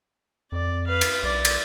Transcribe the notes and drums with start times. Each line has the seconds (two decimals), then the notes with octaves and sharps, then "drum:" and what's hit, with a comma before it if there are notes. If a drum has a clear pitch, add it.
0.52 F2 D5
0.87 B4 F5
1.01 drum: cymbal
1.23 B1 D5
1.45 drum: cymbal